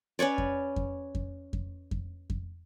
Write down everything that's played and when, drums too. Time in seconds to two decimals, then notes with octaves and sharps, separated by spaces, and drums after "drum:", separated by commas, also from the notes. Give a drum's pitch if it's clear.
0.19 C#4 B4 C#5 D5
0.38 drum: kick F2
0.76 drum: kick F2
1.15 drum: kick F2
1.53 drum: kick F2
1.91 drum: kick F2
2.30 drum: kick F2